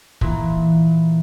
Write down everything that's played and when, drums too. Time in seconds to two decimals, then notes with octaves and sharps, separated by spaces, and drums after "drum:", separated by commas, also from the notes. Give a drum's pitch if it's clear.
0.21 A#2 E3, drum: kick